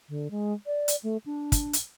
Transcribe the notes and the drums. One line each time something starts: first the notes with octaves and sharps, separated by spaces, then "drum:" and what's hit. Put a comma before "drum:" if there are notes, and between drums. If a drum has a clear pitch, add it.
D3
G#3
D5
drum: hi-hat
A3
D4
drum: kick, hi-hat
drum: hi-hat